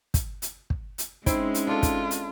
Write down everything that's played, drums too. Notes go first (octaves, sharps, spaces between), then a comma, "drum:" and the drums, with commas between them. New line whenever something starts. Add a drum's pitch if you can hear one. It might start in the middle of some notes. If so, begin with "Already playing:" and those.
drum: kick, hi-hat
drum: hi-hat
drum: kick
drum: hi-hat
G#3 C4 C#4 D#4 E4, drum: kick, hi-hat
drum: hi-hat
D4 F4 A4
drum: kick, hi-hat
drum: hi-hat